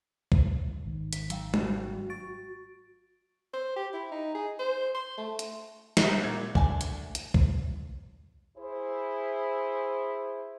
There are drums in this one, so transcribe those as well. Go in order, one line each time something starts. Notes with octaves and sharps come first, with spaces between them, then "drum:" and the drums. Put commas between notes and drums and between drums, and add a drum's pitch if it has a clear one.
drum: kick B1
G#1 D#3
B6, drum: hi-hat
F#3 F5 G5, drum: hi-hat
F#4, drum: tom
C#6 A6 D7
C5
G4
E4
D#4
G#4
C5
C6
A3
drum: hi-hat
drum: snare
A#2 G#6
D2 D4 G#5 A5, drum: kick B1
drum: hi-hat
drum: hi-hat
drum: kick B1
E4 G#4 C5